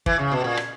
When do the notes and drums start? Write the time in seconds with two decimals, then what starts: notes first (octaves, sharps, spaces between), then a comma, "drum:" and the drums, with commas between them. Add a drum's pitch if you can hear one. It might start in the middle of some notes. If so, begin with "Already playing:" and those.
0.06 E3, drum: kick
0.19 C#3
0.32 B2
0.44 A#2
0.57 drum: rim click